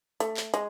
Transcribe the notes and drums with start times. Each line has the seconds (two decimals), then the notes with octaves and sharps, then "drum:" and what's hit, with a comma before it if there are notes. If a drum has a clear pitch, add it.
0.20 A3, drum: hi-hat
0.37 drum: clap
0.54 G#3, drum: hi-hat